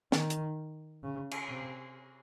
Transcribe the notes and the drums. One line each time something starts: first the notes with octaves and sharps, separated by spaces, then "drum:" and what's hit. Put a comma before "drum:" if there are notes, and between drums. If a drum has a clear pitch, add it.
D#3, drum: snare
drum: hi-hat
C#3
drum: cymbal
C3